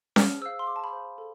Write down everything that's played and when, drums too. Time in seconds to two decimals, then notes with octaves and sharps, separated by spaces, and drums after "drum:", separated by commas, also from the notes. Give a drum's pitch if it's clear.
0.16 G#4 F6, drum: snare C#4
0.41 C5 F5 E6
0.59 C6
0.67 G#4 D6
0.76 A5
0.84 B5
0.93 C5 F5
1.18 A4